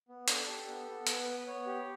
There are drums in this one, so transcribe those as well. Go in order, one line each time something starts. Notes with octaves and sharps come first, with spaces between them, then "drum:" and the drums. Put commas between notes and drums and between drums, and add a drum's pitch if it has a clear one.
B3
D4 A4, drum: hi-hat
G4
B3
B3
B3 B4, drum: hi-hat
B3
B3 C#5
G4